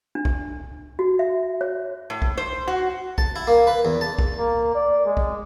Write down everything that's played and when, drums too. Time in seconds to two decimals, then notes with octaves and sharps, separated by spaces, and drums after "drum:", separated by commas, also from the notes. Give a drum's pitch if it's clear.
0.15 D4
0.25 drum: kick
0.99 F#4
1.19 E5
1.61 C#5
2.10 A2
2.22 drum: kick
2.37 C5
2.67 F#4
3.18 A5, drum: kick
3.36 E4
3.47 A#3
3.67 B4
3.85 E2
4.01 A5
4.18 drum: kick
4.38 A#3
4.74 D5
5.06 G#3
5.17 drum: kick